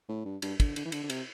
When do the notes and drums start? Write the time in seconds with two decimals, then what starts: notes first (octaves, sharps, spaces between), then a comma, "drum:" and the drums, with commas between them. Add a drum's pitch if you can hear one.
0.09 A2
0.25 G2
0.42 G2, drum: cymbal
0.60 D3, drum: kick, cymbal
0.76 D3, drum: cymbal
0.85 E3
0.92 D3, drum: cymbal
1.03 D3
1.10 C3, drum: cymbal